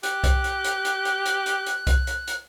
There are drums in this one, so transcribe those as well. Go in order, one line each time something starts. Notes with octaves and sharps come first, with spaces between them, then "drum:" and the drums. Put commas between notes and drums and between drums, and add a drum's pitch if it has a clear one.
G4 F#6, drum: hi-hat
drum: kick C2, hi-hat
drum: hi-hat
drum: hi-hat
drum: hi-hat
drum: hi-hat
drum: hi-hat
drum: hi-hat
drum: hi-hat
drum: kick C2, hi-hat
drum: hi-hat
drum: hi-hat